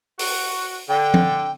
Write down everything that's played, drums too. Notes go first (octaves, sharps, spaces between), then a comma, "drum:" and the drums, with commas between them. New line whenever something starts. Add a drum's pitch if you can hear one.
F#4, drum: open hi-hat
D3 G5
drum: tom